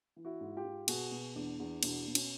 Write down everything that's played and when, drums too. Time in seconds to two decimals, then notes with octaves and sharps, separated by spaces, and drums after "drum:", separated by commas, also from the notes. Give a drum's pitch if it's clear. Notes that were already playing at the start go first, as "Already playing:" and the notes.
0.16 E3
0.25 E4 F#4
0.41 G#2
0.57 F4 G4
0.65 G#2
0.88 B2 F#4 G#4, drum: cymbal
1.11 B2
1.36 E2 D4
1.60 E2
1.83 B2 D4, drum: cymbal
2.07 B2
2.15 C#4, drum: cymbal